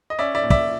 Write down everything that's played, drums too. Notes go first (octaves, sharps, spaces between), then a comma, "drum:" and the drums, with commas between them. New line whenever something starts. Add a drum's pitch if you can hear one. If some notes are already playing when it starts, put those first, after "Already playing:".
D#5
C#4 D5 E5
D5 E5
A#2
D5 E5, drum: kick